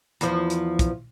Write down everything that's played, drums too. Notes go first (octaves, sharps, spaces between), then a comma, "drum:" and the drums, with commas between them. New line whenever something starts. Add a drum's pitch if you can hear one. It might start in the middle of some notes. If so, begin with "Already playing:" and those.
E2 F3, drum: hi-hat
drum: hi-hat
drum: kick, hi-hat